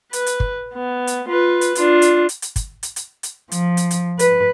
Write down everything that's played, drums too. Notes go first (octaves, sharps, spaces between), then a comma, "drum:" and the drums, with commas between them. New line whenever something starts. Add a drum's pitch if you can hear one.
B4, drum: hi-hat
drum: hi-hat
drum: kick
B3
drum: hi-hat
F4 B4
drum: hi-hat
D4 F4, drum: hi-hat
drum: hi-hat
drum: hi-hat
drum: hi-hat
drum: kick, hi-hat
drum: hi-hat
drum: hi-hat
drum: hi-hat
F3, drum: hi-hat
drum: hi-hat
drum: hi-hat
B4, drum: hi-hat